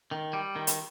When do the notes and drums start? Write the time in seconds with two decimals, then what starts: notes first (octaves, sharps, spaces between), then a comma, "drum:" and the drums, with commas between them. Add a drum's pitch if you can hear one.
0.11 D#3
0.33 G3
0.56 D#3
0.67 drum: hi-hat